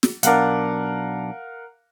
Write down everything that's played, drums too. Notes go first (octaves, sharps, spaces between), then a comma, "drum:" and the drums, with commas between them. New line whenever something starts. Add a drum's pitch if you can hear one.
drum: snare
B1 B2 D4 A#4 F5 F#5, drum: hi-hat